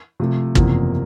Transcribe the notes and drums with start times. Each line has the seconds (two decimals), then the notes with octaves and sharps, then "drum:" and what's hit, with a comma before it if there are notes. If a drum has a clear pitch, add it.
0.20 C3 F3 A3
0.55 F#1 E2 C3 F3 A#3, drum: kick